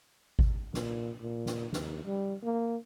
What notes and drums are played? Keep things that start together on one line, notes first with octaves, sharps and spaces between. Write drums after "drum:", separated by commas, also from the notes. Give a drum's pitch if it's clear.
drum: kick G#1
A#2, drum: snare
A#2
drum: snare
D#2, drum: snare
G3
A#3